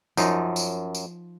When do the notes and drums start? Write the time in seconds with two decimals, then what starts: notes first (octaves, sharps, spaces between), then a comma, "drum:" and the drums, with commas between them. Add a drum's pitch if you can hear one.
0.17 F#2 F3 D#4, drum: tambourine
0.56 drum: tambourine
0.95 drum: tambourine